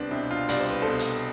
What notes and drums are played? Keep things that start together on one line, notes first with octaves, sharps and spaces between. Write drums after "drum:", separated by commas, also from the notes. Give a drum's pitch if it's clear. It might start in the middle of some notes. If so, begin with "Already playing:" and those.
Already playing: C2 B3 C4 D4
B2 C4 E4
D4 F4
C2 D5, drum: hi-hat
C5
B4
B2 A4 C5
drum: hi-hat